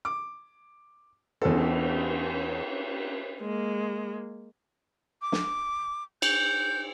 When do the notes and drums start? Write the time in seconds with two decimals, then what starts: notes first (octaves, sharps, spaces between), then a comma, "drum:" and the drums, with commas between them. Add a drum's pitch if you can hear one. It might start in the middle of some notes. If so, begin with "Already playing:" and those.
0.05 D6
1.41 E2 A4, drum: cymbal
3.41 G#3 A#3
5.22 D6
5.32 drum: snare
6.22 G6, drum: cymbal